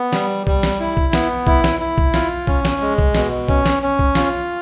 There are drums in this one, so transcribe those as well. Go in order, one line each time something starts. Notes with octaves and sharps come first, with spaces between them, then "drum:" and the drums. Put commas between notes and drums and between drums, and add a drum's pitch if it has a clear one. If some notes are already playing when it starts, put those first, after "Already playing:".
Already playing: B3
G3, drum: snare
G3, drum: kick B1
drum: snare
E4
drum: kick B1
B3, drum: snare
E4, drum: kick B1
drum: snare
E4
drum: kick B1
F4, drum: snare
C#4, drum: kick B1
drum: snare
G#3
drum: kick B1
B2, drum: snare
C#4, drum: kick B1
drum: snare
C#4
drum: kick B1
F4, drum: snare